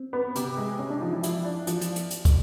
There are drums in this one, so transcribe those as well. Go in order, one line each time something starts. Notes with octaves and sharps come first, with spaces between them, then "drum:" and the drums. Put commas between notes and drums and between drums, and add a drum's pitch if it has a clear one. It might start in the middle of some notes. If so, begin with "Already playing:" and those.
Already playing: C4
B3
C3, drum: hi-hat
G#3
C3 C#4
D4
F3 D#4
E4
F3 E4, drum: hi-hat
D4
F3, drum: hi-hat
drum: hi-hat
drum: hi-hat
drum: hi-hat
drum: kick, hi-hat